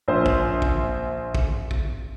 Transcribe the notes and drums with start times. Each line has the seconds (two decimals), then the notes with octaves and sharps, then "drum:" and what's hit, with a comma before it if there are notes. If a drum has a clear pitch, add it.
0.08 A#1 C5
0.26 drum: kick
0.62 drum: kick
1.35 drum: kick
1.71 drum: kick